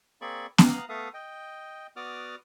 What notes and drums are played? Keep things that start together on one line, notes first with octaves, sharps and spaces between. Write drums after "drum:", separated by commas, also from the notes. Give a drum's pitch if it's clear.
A#3 C4 G#4 D5 B5 C#6
B3 F5 A#5 D#6 F#6, drum: snare B3
A3 B3 A4 E5 F5 D#6
D#5 G5
B3 F#4 D5 D6 D#6 F6